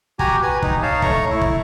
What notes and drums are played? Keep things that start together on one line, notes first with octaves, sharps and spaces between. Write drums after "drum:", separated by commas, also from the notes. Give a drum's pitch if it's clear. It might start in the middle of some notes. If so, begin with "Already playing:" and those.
F#4 G4 G#5 A#5, drum: kick
B4 G#5
D#4, drum: kick
D#4 C#5 F5 A5
A3 C#5 A#5 C#6, drum: kick
E4
drum: kick